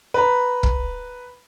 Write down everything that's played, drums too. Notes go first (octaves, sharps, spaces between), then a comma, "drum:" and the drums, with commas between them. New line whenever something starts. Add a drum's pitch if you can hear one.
B4 A#5 B5
drum: kick